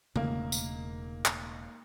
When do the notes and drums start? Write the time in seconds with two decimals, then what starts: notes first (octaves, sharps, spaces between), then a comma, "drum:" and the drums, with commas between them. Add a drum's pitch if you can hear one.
0.16 E1 G#2 C#3 A3 A#3, drum: tom D3
0.52 drum: tambourine
1.25 drum: clap